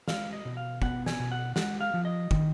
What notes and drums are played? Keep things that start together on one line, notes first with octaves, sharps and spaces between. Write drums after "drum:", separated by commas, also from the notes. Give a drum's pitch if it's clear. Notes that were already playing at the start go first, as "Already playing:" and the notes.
G#3 F5, drum: snare
D#5
B2
F5
B3 F#5, drum: kick
G#5, drum: snare
B2
F#5
G#3 F#5, drum: snare
F5
F3
D#5
D#3, drum: kick